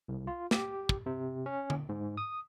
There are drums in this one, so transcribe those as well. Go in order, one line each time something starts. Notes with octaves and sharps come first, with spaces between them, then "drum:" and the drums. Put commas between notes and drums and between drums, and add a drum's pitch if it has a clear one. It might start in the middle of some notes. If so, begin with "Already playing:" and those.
C2
F4
G4, drum: snare
drum: kick
C3
C#4
drum: tom D3
G#2
D#6